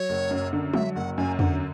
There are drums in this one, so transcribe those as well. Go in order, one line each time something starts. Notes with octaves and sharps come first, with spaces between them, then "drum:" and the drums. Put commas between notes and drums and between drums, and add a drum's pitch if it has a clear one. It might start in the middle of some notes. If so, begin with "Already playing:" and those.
Already playing: F#3 C#5
F#1
F#2
D3
F#3 E5, drum: tom G3
F#1 F#5
F#2 G#5
D3 F#5, drum: tom E2